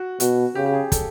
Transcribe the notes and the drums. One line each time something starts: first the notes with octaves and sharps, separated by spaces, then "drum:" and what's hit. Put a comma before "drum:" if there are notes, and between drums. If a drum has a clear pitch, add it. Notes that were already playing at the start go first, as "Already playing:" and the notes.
Already playing: F#4
B2 F#4, drum: hi-hat
C#3 G4
G4
G#4
A4, drum: kick, hi-hat